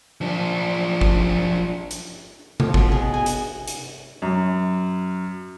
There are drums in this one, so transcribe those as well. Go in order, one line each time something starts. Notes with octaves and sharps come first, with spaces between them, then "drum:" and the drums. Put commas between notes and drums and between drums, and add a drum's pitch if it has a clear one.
F3 D4
drum: kick G#1
drum: hi-hat
F3, drum: tom C3
B2, drum: kick G#1
G#4
G#5
drum: hi-hat
drum: hi-hat
F#2